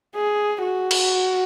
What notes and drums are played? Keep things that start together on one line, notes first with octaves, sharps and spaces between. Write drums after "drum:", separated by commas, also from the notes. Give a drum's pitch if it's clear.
G#4
F#4
drum: cymbal